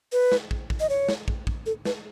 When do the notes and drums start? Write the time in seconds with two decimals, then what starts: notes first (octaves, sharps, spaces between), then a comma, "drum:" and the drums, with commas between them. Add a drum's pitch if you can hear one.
0.12 B4
0.32 drum: snare
0.51 drum: kick
0.70 drum: kick
0.80 D#5
0.89 C#5
1.09 drum: snare
1.28 drum: kick
1.47 drum: kick
1.66 A4
1.85 B4, drum: snare